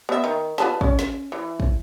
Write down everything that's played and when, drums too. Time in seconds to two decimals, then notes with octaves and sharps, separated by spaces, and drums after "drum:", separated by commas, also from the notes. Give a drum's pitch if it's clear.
0.09 B3 E5
0.24 D#3
0.58 F4 B4 A5, drum: snare
0.81 C#4, drum: kick
0.99 drum: snare
1.32 E3
1.60 drum: kick